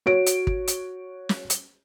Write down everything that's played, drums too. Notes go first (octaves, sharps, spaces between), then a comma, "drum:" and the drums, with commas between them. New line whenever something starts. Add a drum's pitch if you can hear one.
F#4 C#5 D7
drum: hi-hat
drum: kick
drum: hi-hat
drum: snare
drum: hi-hat